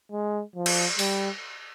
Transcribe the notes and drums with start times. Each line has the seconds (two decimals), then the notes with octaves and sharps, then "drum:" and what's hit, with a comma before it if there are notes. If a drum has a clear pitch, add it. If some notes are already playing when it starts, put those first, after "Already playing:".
0.12 G#3
0.56 F3
0.66 drum: cymbal
0.99 G3, drum: open hi-hat